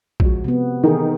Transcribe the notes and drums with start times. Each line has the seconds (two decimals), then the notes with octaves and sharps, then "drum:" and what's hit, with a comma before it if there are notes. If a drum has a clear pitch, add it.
0.20 F3 G#3 F#4, drum: kick
0.44 C3 B3
0.83 D#3 E3 G#4 A4